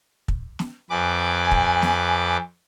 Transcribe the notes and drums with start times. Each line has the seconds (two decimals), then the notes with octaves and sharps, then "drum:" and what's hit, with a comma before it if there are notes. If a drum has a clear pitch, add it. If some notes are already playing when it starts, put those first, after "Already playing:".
0.28 drum: kick
0.59 drum: snare
0.90 F2 B4 G#5 D6
1.51 drum: kick
1.82 drum: snare